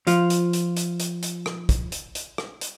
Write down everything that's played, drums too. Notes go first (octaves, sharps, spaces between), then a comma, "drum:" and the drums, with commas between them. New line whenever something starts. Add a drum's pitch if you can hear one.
F3 F4, drum: hi-hat
drum: hi-hat
drum: hi-hat
drum: hi-hat
drum: hi-hat
drum: hi-hat
drum: rim click
drum: kick, hi-hat
drum: hi-hat
drum: hi-hat
drum: rim click
drum: hi-hat